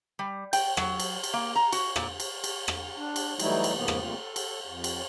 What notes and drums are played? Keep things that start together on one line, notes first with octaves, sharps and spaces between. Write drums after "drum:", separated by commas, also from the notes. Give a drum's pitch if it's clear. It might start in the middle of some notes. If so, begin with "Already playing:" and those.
G3
G5, drum: cymbal
F#3, drum: rim click
drum: cymbal
drum: cymbal
A#3
A#5
F#4, drum: cymbal
A#2, drum: rim click
drum: cymbal
drum: cymbal
drum: rim click
D4
drum: cymbal
E3 F#3 G3 A3 D#4 E4, drum: cymbal
drum: cymbal
G#2 C#3 F3 A#3 B3
drum: rim click
C#3 G3 A3 A#3 C4 F4
A4
drum: cymbal
F2
drum: cymbal